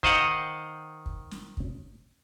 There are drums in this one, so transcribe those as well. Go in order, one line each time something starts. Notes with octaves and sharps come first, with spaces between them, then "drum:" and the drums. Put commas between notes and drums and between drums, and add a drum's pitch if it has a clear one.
D#3 C5 D#5 F5 F#5, drum: kick
drum: kick
drum: snare
drum: kick